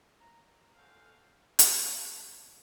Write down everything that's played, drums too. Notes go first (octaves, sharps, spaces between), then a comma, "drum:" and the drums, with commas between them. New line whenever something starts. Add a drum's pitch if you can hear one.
A#5
C#4 A4 C5 F5 F#5
drum: hi-hat
D#4 F#4 A#4 C#5 A5